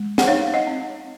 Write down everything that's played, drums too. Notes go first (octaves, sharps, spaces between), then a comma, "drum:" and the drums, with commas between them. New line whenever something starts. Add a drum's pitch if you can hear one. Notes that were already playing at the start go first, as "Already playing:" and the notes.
Already playing: G#3
F#5, drum: snare
D#4 C#5 F5
D#5 F#5
C4